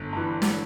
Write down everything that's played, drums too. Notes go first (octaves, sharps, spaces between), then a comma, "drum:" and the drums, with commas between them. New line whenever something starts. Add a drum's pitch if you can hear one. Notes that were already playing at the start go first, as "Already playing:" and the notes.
Already playing: G1
G2 E3
drum: snare